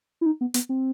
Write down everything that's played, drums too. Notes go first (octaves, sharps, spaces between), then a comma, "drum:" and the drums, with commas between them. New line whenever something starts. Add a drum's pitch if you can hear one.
E4
D#4
B3
B3, drum: hi-hat
C4